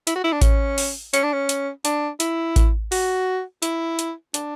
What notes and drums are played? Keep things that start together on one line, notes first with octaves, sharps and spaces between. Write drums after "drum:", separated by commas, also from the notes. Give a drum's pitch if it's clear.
E4, drum: hi-hat
F#4
E4
D4
C#4, drum: kick A1, hi-hat
drum: open hi-hat
C#4, drum: hi-hat
D4
C#4
drum: hi-hat
D4, drum: hi-hat
E4, drum: hi-hat
drum: kick A1, hi-hat
F#4, drum: open hi-hat
E4, drum: hi-hat
drum: hi-hat
D4, drum: hi-hat